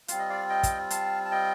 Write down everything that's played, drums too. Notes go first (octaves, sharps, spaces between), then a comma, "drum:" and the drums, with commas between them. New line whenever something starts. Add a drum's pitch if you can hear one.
G3 C4 F4 F5, drum: hi-hat
D#5
D5 F5
D#5 G5
drum: kick, hi-hat
F5 A5, drum: hi-hat
A5
D#5 G5